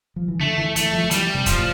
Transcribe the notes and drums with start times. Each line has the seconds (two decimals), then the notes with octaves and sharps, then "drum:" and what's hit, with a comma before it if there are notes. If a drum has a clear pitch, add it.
0.16 F3
0.28 E3
0.40 D3 A3
0.58 E3
0.76 E3 A3, drum: hi-hat
0.93 F3
1.04 F3
1.11 E3 G3, drum: hi-hat
1.35 C3
1.46 F3, drum: kick, hi-hat
1.58 A2